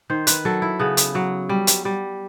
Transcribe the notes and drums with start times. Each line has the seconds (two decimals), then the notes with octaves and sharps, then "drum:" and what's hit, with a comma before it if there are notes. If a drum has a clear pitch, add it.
0.10 D#3 C5
0.27 B4, drum: hi-hat
0.45 F#3 A4
0.62 E4
0.79 C#3 B3
0.97 drum: hi-hat
1.15 F#3
1.49 G3
1.67 drum: hi-hat
1.85 G3